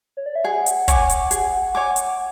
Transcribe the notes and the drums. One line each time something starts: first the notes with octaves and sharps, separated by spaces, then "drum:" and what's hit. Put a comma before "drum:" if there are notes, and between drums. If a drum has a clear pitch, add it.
C#5
D5
E5
G#4 F#5
drum: hi-hat
C#5 G#5 D6, drum: kick, hi-hat
drum: hi-hat
G#4, drum: hi-hat
C#5 G#5 D6
drum: hi-hat